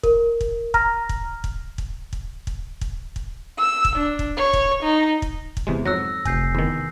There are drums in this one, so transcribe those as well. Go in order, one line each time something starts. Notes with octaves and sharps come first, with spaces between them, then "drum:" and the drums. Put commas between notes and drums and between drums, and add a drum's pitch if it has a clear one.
A#4, drum: kick
drum: kick
A#5 F6 A#6, drum: kick
drum: kick
drum: kick
drum: kick
drum: kick
drum: kick
drum: kick
drum: kick
E6
drum: kick
D4
drum: kick
C#5
drum: kick
D#4
drum: kick
drum: kick
E2 C3 G#3
F2 G#2 F#3 E6 F#6 A#6
F1 G#5 G6 C7, drum: kick
E2 D#3